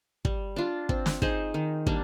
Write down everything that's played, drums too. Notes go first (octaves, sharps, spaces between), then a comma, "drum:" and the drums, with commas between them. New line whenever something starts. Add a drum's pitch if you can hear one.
G3, drum: kick
D4 F4
C4, drum: kick
drum: snare
D#4 G#4 C5, drum: kick
D#3
G3 A#3 D4, drum: kick